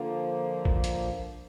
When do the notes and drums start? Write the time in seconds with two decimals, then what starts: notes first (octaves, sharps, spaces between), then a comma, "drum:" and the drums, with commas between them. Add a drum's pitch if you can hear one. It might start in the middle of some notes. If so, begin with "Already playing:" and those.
Already playing: D3 F3 A#3
0.65 drum: kick
0.84 drum: hi-hat